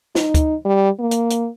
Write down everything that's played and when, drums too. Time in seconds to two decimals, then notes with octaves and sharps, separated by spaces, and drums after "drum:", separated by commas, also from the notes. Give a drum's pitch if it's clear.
0.15 D#4, drum: snare
0.34 drum: kick, hi-hat
0.65 G3
1.00 A#3
1.11 drum: hi-hat
1.30 drum: hi-hat